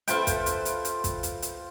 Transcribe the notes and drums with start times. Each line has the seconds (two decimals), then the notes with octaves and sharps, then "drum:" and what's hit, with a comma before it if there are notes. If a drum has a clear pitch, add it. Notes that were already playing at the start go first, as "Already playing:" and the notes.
0.08 F4 A4 B4 C5 E5 G5, drum: hi-hat
0.27 drum: kick, hi-hat
0.46 drum: hi-hat
0.65 drum: hi-hat
0.85 drum: hi-hat
1.04 drum: kick, hi-hat
1.23 drum: hi-hat
1.42 drum: hi-hat